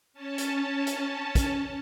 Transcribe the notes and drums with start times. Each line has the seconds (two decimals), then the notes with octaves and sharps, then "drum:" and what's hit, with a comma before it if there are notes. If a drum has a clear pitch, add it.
0.13 C#4 A5
0.38 drum: hi-hat
0.87 drum: hi-hat
1.35 drum: kick, hi-hat